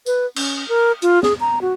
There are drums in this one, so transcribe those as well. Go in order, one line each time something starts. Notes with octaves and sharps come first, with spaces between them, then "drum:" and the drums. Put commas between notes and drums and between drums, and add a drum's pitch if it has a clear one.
B4, drum: tambourine
C#4, drum: cymbal
A#4
F4, drum: hi-hat
G#4, drum: snare
A#5
F#4